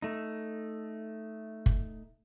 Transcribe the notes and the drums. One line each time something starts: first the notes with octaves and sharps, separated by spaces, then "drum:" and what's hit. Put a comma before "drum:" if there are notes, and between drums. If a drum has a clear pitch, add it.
A3 D#4
drum: kick